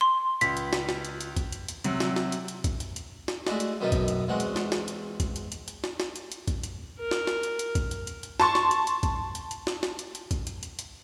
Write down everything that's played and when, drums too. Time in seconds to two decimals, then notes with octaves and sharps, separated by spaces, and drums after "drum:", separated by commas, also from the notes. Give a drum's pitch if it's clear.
0.01 C6
0.41 C#2 B6, drum: hi-hat
0.57 drum: hi-hat
0.73 drum: snare
0.89 drum: snare
1.05 drum: hi-hat
1.21 drum: hi-hat
1.37 drum: kick, hi-hat
1.52 drum: hi-hat
1.68 drum: hi-hat
1.84 C3 F#3, drum: hi-hat
2.00 drum: snare
2.16 drum: snare
2.32 drum: hi-hat
2.48 drum: hi-hat
2.64 drum: kick, hi-hat
2.80 drum: hi-hat
2.96 drum: hi-hat
3.28 drum: snare
3.47 G#3 A3 E4 F#4 D5 D#5, drum: snare
3.60 drum: hi-hat
3.80 F#2 B2 D#3 B3 D#4 A4
3.92 drum: kick, hi-hat
4.08 drum: hi-hat
4.28 E2 C3 G#3 F#4 F#5
4.40 drum: hi-hat
4.56 drum: snare
4.72 drum: snare
4.88 drum: hi-hat
5.20 drum: kick, hi-hat
5.36 drum: hi-hat
5.52 drum: hi-hat
5.68 drum: hi-hat
5.84 drum: snare
6.00 drum: snare
6.16 drum: hi-hat
6.32 drum: hi-hat
6.48 drum: kick, hi-hat
6.63 drum: hi-hat
7.00 A#4
7.11 drum: snare
7.27 drum: snare
7.43 drum: hi-hat
7.59 drum: hi-hat
7.75 drum: kick, hi-hat
7.91 drum: hi-hat
8.07 drum: hi-hat
8.23 drum: hi-hat
8.40 A5 C6 C#6, drum: snare
8.55 drum: snare
8.71 drum: hi-hat
8.87 drum: hi-hat
9.03 drum: kick, hi-hat
9.35 drum: hi-hat
9.51 drum: hi-hat
9.67 drum: snare
9.83 drum: snare
9.99 drum: hi-hat
10.15 drum: hi-hat
10.31 drum: kick, hi-hat
10.47 drum: hi-hat
10.63 drum: hi-hat
10.79 drum: hi-hat